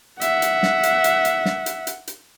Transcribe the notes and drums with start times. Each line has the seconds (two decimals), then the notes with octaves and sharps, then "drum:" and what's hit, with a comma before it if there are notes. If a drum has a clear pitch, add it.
0.21 E5 F#5, drum: hi-hat
0.42 drum: hi-hat
0.63 drum: snare
0.83 drum: hi-hat
1.04 drum: hi-hat
1.25 drum: hi-hat
1.45 drum: snare
1.66 drum: hi-hat
1.87 drum: hi-hat
2.07 drum: hi-hat